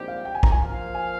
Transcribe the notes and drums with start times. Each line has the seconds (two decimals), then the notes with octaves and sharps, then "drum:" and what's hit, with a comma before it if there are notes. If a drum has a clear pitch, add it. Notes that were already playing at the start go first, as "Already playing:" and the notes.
Already playing: A#1 G#2 G3 C4 G4
0.08 F5
0.25 G5
0.35 G#5
0.43 A#5, drum: kick
0.52 G#5
0.60 F3 A#3 F4 C5 F5
0.95 G#5